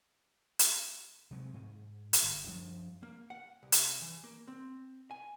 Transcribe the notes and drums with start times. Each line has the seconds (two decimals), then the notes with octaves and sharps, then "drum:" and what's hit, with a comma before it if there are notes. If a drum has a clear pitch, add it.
0.59 drum: hi-hat
1.31 C3 F#3 G#3
1.54 G#2
2.13 drum: hi-hat
2.23 G1
2.47 F#2 F3 G3 D4
3.03 A#3
3.30 F#5
3.63 C2
3.72 drum: hi-hat
4.02 E3
4.24 A#3
4.48 C4
5.11 G#5